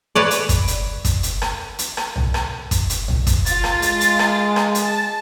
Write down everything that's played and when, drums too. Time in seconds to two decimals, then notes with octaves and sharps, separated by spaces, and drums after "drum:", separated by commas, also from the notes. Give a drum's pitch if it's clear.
0.15 B4 C#5 D5
0.31 drum: hi-hat
0.49 drum: kick, hi-hat
0.68 drum: hi-hat
1.05 drum: kick, hi-hat
1.23 drum: hi-hat
1.42 drum: rim click
1.79 drum: hi-hat
1.97 drum: rim click
2.16 drum: tom
2.34 drum: rim click
2.71 drum: kick, hi-hat
2.90 drum: hi-hat
3.08 drum: tom
3.27 drum: kick, hi-hat
3.46 F4 A6, drum: hi-hat
3.64 drum: rim click
3.82 G#3, drum: hi-hat
4.01 drum: hi-hat
4.19 drum: rim click
4.56 drum: rim click
4.75 drum: hi-hat
4.84 A5